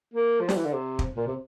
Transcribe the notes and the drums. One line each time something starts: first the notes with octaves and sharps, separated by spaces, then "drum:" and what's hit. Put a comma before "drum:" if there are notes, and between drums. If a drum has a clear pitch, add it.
A#3
F3
G3, drum: snare
E3
D3
C3
drum: kick
A#2
C3